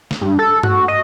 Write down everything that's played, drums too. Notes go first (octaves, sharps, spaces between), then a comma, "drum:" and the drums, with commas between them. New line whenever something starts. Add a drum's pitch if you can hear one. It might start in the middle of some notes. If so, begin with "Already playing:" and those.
drum: snare
G2
A4
F#4, drum: tom G2
D#5